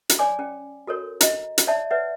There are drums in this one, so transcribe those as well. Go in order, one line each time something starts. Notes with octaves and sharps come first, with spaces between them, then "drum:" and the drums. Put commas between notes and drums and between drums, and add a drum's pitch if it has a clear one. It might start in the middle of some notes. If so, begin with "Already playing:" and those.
drum: hi-hat
C#5 D5 G#5 D6
C#4 G5
F#4 A4 A#4 C#5
D#5 A#5, drum: hi-hat
drum: hi-hat
C#5 D5 E5 A5
B4 C#5 D5 E5 F#5